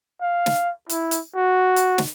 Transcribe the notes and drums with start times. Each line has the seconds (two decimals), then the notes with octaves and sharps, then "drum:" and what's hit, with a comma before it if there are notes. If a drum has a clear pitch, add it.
0.21 F5
0.46 drum: snare
0.89 E4, drum: hi-hat
1.11 drum: hi-hat
1.35 F#4
1.76 drum: hi-hat
1.98 drum: snare